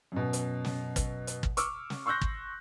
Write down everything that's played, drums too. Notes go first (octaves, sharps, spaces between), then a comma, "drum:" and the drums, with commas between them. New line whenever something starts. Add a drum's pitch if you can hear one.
F#2 B2
drum: hi-hat
drum: snare
drum: kick, hi-hat
drum: hi-hat
drum: kick
C#6 D6 E6 F6, drum: hi-hat
drum: snare
C6 C#6 E6 F#6 G6 A#6
drum: kick